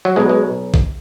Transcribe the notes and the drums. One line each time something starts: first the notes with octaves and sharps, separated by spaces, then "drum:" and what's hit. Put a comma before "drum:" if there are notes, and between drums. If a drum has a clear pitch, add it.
F#3
B1 B2 G#3
G#3
drum: kick A#1